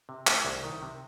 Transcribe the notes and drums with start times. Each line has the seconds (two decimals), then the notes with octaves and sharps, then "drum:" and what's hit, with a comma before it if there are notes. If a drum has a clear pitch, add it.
0.09 C3
0.27 A3, drum: clap
0.45 C2
0.63 D#3
0.82 C3